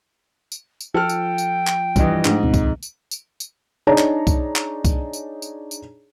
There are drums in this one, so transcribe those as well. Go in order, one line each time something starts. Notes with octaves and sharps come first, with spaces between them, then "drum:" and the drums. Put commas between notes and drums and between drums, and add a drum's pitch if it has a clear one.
drum: tambourine
drum: tambourine
F3 A4 G5 F6
drum: tambourine
drum: tambourine
drum: clap
G2 E3 F3 D#5, drum: kick C2, tambourine
G#2 A3 D4, drum: clap
D2 B2 C4 D#4
drum: kick C2, tambourine
drum: tambourine
drum: tambourine
drum: tambourine
D4 D#4 G#4 C#5 A5 A#5
drum: clap
drum: kick C2, tambourine
drum: clap
drum: kick C2, tambourine
drum: tambourine
drum: tambourine
drum: tambourine